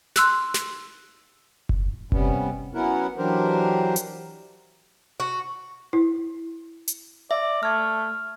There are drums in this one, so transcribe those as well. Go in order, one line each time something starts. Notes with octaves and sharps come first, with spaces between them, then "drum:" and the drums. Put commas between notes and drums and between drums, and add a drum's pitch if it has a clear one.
C6 E6 F#6, drum: snare
drum: snare
drum: kick F#1
C3 G3 B3 C#4, drum: kick F#1
F#3 B3 C#4 E4 A#4 F#5
E3 F#3 D4 G4 A#4 C5
drum: hi-hat
F#4
E4
drum: hi-hat
D5 E5
A3 F6 G#6